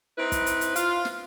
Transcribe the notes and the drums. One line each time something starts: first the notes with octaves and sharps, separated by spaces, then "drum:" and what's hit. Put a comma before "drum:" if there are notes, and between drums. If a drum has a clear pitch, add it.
C4 D#4 E4 B4
drum: kick, hi-hat
drum: hi-hat
drum: hi-hat
F4, drum: hi-hat
drum: snare